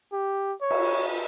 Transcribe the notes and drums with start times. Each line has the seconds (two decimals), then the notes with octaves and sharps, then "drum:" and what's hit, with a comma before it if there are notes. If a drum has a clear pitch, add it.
0.13 G4
0.62 C#5
0.71 drum: cymbal